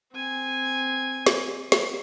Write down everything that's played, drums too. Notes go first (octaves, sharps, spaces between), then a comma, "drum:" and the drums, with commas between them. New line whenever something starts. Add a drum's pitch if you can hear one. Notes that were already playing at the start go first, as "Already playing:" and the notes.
C4 G#5
drum: snare
drum: snare